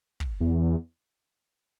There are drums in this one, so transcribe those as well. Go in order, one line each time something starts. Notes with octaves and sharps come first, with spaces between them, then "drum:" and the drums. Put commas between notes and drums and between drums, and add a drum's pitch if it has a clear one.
drum: kick
E2